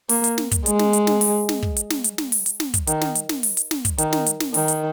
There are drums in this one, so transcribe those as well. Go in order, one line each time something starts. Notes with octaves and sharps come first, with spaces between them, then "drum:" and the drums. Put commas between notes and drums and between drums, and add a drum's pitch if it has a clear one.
A#3, drum: open hi-hat
drum: hi-hat
drum: snare
drum: kick, hi-hat
G#3, drum: hi-hat
drum: snare
drum: hi-hat
drum: snare
drum: open hi-hat
drum: snare
drum: kick
drum: hi-hat
drum: snare
drum: hi-hat
drum: snare
drum: open hi-hat
drum: hi-hat
drum: snare
drum: kick, hi-hat
D#3, drum: hi-hat
drum: snare
drum: hi-hat
drum: snare
drum: open hi-hat
drum: hi-hat
drum: snare
drum: kick, hi-hat
D#3, drum: hi-hat
drum: snare
drum: hi-hat
drum: snare
D#3, drum: open hi-hat
drum: hi-hat